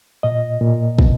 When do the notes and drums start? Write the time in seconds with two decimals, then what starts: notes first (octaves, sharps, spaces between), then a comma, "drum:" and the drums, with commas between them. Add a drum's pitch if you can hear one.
0.23 A#2 D#5
0.61 A#2
0.99 B2, drum: kick